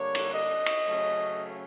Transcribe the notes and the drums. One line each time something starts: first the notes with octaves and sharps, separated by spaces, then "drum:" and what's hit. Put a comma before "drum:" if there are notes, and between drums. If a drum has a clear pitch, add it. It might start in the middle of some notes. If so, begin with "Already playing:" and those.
Already playing: D3 G3 A#3 D4 C#5
drum: cymbal
D#5
drum: cymbal
C#3 F#3 A3 C#4